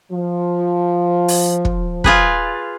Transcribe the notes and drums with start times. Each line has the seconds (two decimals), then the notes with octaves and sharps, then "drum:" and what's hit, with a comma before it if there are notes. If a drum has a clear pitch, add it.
0.12 F3
1.28 drum: open hi-hat
1.65 drum: kick
2.04 F4 G#4 B4, drum: kick